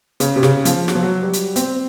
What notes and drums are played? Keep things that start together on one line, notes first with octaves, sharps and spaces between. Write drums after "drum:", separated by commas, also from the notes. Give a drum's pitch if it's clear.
C#3, drum: hi-hat
C3
C#3, drum: snare
F3, drum: hi-hat
F#3, drum: snare
F3
F#3
G3
drum: hi-hat
C4, drum: hi-hat